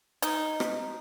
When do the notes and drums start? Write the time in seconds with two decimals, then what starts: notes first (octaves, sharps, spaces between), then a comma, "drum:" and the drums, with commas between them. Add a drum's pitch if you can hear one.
0.22 D#4, drum: hi-hat
0.60 drum: rim click